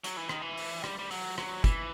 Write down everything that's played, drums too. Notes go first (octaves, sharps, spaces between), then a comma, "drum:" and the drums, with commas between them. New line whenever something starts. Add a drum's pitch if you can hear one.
F#3, drum: hi-hat
E3
D#3, drum: rim click
E3
drum: open hi-hat
G3, drum: rim click
G3
F#3, drum: open hi-hat
F#3, drum: rim click
E3, drum: kick, hi-hat